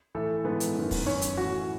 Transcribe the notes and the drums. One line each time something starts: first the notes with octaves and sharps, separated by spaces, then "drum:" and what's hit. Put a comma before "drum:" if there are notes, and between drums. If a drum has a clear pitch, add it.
A2 E3 A3 A4
G#2 E3 B3 B4
drum: hi-hat
F#2 D#3
drum: kick, open hi-hat
F#2 D#3 C#4 C#5
drum: hi-hat
A2 E3 F#4 F#5